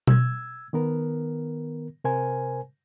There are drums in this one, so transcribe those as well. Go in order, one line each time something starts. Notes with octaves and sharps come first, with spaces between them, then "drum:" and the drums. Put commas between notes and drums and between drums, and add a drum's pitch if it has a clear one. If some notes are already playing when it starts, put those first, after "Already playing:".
E6 G#6, drum: tom B2
D#3 B3 A#4
C3 A#4 C5 G#5